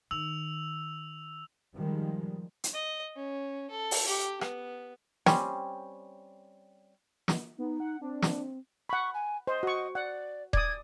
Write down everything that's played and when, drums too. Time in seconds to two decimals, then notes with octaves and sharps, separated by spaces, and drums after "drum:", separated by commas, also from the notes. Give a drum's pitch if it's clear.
0.11 D#3 E6 F7
1.74 D#3 F3 G3 G#3
2.64 drum: hi-hat
2.73 D#5
3.16 C#4
3.70 A4
3.91 drum: open hi-hat
4.07 G4
4.41 B3, drum: rim click
5.26 G3 C4 C#4, drum: snare
7.28 drum: snare
7.58 B3 D#4
7.80 F#5
8.01 C4 D4
8.22 drum: snare
8.89 F#5 B5 C#6
9.14 G#5
9.47 C5 D#5
9.63 F#4 C#6
9.95 D5 F#5
10.53 D5 D#6 G#6, drum: kick D#1